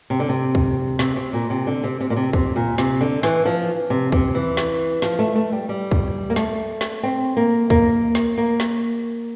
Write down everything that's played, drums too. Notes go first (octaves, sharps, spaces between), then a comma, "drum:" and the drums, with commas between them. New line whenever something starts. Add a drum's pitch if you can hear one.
C3
D3
C3
drum: kick
C3, drum: snare
C3
A#2
C3
D3
C3
C3
A#2
C3
C3, drum: kick
A#2
C3, drum: snare
D3
E3, drum: snare
F3
C3
C3, drum: kick
E3
drum: snare
F3, drum: snare
A3
A3
G3
G3
drum: kick
A#3
A3, drum: snare
drum: snare
C4
A#3
A#3, drum: kick
drum: snare
A#3
drum: snare